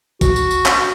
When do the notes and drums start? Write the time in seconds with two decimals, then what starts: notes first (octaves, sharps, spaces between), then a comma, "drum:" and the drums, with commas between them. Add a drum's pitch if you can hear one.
0.21 F#4, drum: kick, tambourine
0.36 drum: tambourine
0.51 drum: tambourine
0.65 drum: clap